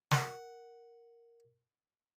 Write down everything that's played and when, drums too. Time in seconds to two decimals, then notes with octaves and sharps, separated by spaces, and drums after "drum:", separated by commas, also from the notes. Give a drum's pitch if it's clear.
0.11 A#4 F#5, drum: snare